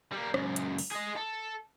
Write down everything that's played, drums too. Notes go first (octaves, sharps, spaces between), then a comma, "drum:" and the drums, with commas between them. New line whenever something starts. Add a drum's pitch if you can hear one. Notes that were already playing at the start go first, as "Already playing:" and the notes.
G3 A#3
C#2 F#2, drum: rim click
drum: hi-hat
drum: open hi-hat
G#4 D#5
A4